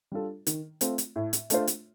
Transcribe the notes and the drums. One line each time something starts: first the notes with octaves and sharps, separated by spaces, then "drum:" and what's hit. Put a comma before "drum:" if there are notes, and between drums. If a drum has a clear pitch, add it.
G3 D4 F4 A4
D#3, drum: hi-hat
A3 C4 F4, drum: hi-hat
drum: hi-hat
A2
drum: hi-hat
A3 D4 F4 C5, drum: hi-hat
drum: hi-hat